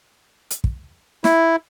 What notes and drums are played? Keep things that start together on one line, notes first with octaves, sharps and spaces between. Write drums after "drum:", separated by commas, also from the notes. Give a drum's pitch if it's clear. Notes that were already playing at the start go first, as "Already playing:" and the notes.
drum: hi-hat
drum: kick
E4, drum: snare